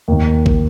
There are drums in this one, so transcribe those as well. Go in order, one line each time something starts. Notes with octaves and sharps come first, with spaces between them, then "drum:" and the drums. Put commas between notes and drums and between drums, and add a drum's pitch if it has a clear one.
D#2 D#3
drum: kick